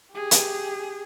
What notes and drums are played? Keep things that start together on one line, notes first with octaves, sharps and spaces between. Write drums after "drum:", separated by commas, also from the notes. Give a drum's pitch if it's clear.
G4 G#4
drum: hi-hat